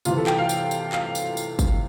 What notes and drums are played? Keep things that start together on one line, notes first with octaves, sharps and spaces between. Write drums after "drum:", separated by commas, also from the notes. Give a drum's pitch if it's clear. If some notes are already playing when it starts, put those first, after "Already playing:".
C3 E3 F4, drum: tambourine
A4
G5, drum: clap
F5
drum: tambourine
drum: tambourine
F5, drum: clap
drum: tambourine
drum: tambourine
drum: kick G1, tambourine